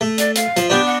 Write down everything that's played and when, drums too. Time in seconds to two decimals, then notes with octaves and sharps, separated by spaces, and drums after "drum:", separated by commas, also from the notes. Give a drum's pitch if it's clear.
0.01 A3
0.18 D5, drum: hi-hat
0.36 F5, drum: hi-hat
0.57 F3, drum: hi-hat
0.70 B3 D4 G4
0.86 F#5